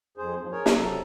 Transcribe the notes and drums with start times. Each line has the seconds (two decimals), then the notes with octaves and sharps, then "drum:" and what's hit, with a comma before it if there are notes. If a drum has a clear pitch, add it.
0.17 F2 G#4 C5
0.40 G#2 F3
0.52 G#4 A#4 C#5
0.66 drum: snare
0.76 C3 F#3 A4 A#5